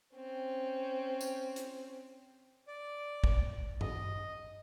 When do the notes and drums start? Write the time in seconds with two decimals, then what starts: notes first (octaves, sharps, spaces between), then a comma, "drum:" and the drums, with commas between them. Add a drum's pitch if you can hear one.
0.16 C4 C#4
1.21 drum: tambourine
1.56 drum: hi-hat
2.68 D5
3.24 drum: kick
3.81 D#5, drum: tom G2